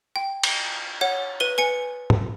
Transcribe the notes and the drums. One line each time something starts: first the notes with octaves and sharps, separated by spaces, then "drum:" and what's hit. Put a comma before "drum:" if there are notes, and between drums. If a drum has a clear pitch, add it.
G5
drum: cymbal
C#5 F#5
B4 D#7 G7
B4 G#5 C#7
drum: tom G#2